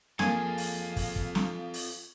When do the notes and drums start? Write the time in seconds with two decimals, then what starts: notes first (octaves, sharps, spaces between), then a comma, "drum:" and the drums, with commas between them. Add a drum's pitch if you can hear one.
0.19 F3 A#3 F4 G#4 A4 F5, drum: snare
0.58 drum: open hi-hat
0.96 drum: kick, open hi-hat
1.16 drum: kick
1.35 drum: snare
1.74 drum: open hi-hat